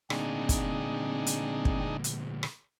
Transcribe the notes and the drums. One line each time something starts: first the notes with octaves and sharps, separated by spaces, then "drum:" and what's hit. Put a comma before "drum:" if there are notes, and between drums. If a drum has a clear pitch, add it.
D2 A#2 C4 D4 D#4 G#4, drum: rim click
drum: kick, hi-hat
drum: hi-hat
drum: kick
drum: hi-hat
drum: rim click